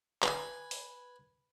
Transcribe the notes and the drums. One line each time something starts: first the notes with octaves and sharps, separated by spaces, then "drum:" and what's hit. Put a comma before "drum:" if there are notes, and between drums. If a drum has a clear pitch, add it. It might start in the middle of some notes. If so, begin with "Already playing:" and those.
B4 G#5, drum: clap
drum: open hi-hat